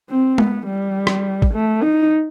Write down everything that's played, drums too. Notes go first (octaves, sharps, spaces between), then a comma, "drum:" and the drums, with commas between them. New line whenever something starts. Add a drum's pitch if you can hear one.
C4
B3, drum: tom G#3
G3
drum: rim click
drum: kick G#1
A3
D#4